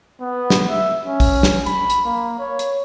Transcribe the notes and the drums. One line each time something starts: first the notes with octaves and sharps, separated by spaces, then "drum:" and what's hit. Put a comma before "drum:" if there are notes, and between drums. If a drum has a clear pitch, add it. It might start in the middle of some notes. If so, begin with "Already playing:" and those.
B3
drum: snare
E5
C#4
drum: kick A#1, open hi-hat
drum: snare
B5, drum: hi-hat
drum: hi-hat
A#3
C#5
drum: hi-hat